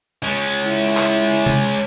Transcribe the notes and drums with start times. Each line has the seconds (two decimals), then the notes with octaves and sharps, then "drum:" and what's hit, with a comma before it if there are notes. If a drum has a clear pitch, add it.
0.23 G#3 C#4
0.48 drum: hi-hat
0.64 E4
0.97 drum: clap
1.46 drum: tom